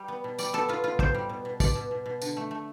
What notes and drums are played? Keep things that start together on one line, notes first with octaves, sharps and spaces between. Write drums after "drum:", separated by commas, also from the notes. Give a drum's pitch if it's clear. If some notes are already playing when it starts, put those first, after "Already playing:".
Already playing: G3
B3
B2
G3 D5, drum: tambourine
B3 A4
B3 F4
B3 F4
B2 C5, drum: kick
G3
B2
B2
B2 D5, drum: kick, tambourine
B2
B2
B2
D3, drum: tambourine
A3
A3